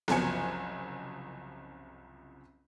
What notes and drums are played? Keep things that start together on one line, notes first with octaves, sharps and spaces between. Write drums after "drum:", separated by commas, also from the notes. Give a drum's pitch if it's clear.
F#1 C2 F3 F#3 G#5 C#7, drum: snare B3